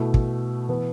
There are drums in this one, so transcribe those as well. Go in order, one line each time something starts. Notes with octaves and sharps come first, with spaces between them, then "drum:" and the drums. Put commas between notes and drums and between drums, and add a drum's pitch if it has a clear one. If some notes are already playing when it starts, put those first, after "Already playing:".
Already playing: B2 A3 E4
drum: kick
E3 B3